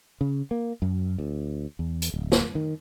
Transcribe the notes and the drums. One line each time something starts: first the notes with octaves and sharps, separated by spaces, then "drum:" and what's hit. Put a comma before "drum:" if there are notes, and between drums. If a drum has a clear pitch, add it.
C#3
A#3
F#2
D2
E2
drum: hi-hat
D1
drum: snare
D#3